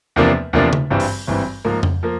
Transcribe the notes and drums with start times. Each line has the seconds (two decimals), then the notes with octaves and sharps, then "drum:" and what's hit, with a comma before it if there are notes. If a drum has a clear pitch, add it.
0.16 E2 C3 F3 A#3 D4
0.53 E2 C3 F3 A#3 D4
0.73 drum: tom C#3
0.90 G#1 G2 E3 G3 C4
1.00 drum: open hi-hat
1.27 G#1 G2 E3 G3 C4
1.65 G#2 F3 A#3
1.83 drum: tom F2
2.03 F3 A#3